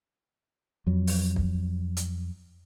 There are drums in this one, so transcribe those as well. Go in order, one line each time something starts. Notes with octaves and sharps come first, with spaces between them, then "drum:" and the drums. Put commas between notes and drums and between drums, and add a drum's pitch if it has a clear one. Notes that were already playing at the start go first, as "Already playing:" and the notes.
F2 F#3
drum: open hi-hat
drum: kick
drum: hi-hat